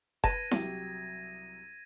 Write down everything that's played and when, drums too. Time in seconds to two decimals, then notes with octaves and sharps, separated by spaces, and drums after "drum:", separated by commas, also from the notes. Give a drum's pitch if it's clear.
0.24 B4 A5 G#6 A#6 D#7, drum: kick F1
0.51 C2 F#3 G4, drum: snare E4